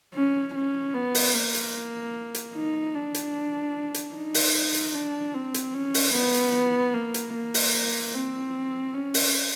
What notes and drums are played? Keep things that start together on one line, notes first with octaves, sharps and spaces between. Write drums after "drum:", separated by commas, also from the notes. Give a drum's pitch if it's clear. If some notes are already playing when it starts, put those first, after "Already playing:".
C#4
C#4
B3
drum: open hi-hat
A#3
drum: hi-hat
drum: hi-hat
D#4
D4
drum: hi-hat
drum: hi-hat
D#4
drum: open hi-hat
drum: hi-hat
D4
C4
drum: hi-hat
C#4
drum: open hi-hat
B3
drum: hi-hat
A#3
drum: hi-hat
A#3
drum: open hi-hat
C4
C#4
drum: open hi-hat